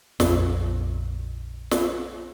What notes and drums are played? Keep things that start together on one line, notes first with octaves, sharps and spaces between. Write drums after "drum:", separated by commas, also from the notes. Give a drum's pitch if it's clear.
A#1 F2 B3, drum: snare
drum: snare